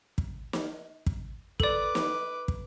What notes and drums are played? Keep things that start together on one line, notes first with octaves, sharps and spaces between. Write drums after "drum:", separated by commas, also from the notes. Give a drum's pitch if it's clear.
drum: kick
drum: snare
drum: kick
A4 B4 D5 D6, drum: kick
drum: snare
drum: kick